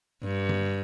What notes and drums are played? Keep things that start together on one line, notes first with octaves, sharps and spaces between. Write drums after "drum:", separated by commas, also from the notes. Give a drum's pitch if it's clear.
G2
drum: tom D3